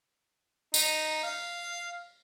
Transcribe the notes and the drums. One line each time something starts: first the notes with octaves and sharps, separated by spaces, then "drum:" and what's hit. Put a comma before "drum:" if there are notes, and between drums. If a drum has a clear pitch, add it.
D#4, drum: tambourine
F5